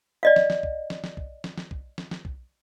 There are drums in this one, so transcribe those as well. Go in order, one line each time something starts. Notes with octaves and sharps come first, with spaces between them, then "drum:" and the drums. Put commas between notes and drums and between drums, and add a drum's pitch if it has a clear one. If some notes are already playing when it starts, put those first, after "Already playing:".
D5 D#5 F5
drum: snare
drum: snare
drum: kick
drum: snare
drum: snare
drum: kick
drum: snare
drum: snare
drum: kick
drum: snare
drum: snare
drum: kick